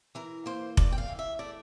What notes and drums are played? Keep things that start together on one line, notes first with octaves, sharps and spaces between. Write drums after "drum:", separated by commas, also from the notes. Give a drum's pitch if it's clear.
E3 A#4
A#3 C5
E2 D5, drum: kick F1
G5
F5
E3
E5
A3 D5